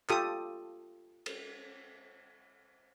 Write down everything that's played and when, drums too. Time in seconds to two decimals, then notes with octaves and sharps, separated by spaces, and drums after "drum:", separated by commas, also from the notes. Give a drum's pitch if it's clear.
0.10 F4 G4 A4 D#6, drum: clap
1.26 drum: cymbal